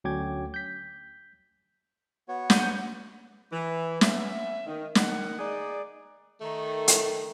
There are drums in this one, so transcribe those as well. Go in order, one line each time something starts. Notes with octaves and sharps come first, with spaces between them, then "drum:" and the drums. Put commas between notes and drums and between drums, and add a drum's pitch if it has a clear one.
D2 F#3 C#4 G5 D6 G#6
G6 B6
B3 F#4 C#5
F#5 G6 D#7, drum: snare
E3
B3 C#4 E5, drum: snare
D#3
D#3 F#5, drum: snare
D#4 G#4 D5
D#3 A3
drum: hi-hat